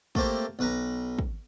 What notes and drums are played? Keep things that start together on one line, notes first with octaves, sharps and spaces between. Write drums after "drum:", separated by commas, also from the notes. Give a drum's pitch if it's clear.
A3 A#3 C4 G4, drum: kick
B1 B4 A#5
drum: kick